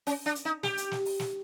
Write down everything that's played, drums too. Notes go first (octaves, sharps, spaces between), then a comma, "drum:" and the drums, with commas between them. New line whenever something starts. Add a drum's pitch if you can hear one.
C#4, drum: open hi-hat
D4
drum: hi-hat
D#4
G4, drum: snare
drum: hi-hat
drum: snare
drum: open hi-hat
drum: snare